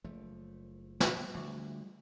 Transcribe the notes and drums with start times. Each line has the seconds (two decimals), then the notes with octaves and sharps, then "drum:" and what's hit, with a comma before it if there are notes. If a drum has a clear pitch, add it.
0.04 F#1 F3 A3
1.00 drum: snare
1.35 D2 F3 G3 G#3